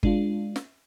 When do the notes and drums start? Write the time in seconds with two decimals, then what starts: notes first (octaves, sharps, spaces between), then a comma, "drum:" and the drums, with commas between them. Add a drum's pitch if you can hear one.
0.03 G#3 D4 F4, drum: kick G1
0.56 drum: snare